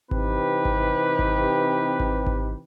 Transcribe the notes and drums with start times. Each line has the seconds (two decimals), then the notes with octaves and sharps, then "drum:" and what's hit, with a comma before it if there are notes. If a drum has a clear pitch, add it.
0.11 C3 E3 C4 D#4 G4 B4, drum: kick G#1
0.65 drum: kick G#1
1.19 drum: kick G#1
2.00 drum: kick G#1
2.27 drum: kick G#1